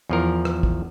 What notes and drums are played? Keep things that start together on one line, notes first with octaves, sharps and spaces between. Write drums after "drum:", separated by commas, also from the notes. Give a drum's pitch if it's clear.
E2 F3 A#4
drum: rim click
drum: kick